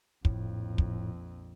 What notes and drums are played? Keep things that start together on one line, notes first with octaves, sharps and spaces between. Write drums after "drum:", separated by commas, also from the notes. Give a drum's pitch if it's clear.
A#1 F2 A2, drum: kick
drum: kick